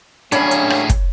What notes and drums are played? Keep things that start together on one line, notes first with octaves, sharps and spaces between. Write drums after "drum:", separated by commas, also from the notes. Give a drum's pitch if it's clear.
A2 F#3 A#3 C#4 D4 G#4 C#5 B5, drum: hi-hat
drum: hi-hat
drum: rim click
drum: kick, hi-hat